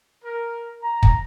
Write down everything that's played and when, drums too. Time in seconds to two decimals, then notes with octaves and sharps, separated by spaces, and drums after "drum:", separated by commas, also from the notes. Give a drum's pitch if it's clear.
0.24 A#4
0.82 A#5
1.03 drum: kick